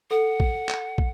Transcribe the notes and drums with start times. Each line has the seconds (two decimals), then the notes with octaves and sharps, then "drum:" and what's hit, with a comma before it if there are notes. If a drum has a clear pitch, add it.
0.11 A4 F#5
0.40 drum: kick
0.69 drum: clap
0.98 drum: kick